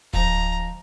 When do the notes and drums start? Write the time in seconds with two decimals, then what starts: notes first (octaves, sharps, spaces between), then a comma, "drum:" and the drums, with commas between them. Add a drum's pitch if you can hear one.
0.13 F3 D#4 A#5, drum: kick D1